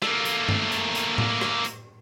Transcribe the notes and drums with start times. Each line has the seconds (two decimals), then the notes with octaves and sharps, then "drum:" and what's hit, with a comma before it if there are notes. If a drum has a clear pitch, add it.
0.02 A3 A#3, drum: rim click
0.25 drum: hi-hat
0.49 drum: tom G2
0.72 drum: hi-hat
0.95 drum: hi-hat
1.18 drum: tom A2
1.41 drum: rim click
1.65 drum: hi-hat